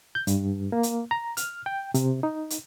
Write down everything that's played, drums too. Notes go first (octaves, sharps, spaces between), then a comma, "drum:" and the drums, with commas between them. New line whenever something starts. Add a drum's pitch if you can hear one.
G6
G2, drum: hi-hat
A#3
drum: hi-hat
A#5
F6, drum: hi-hat
G5
C3, drum: hi-hat
D#4
drum: hi-hat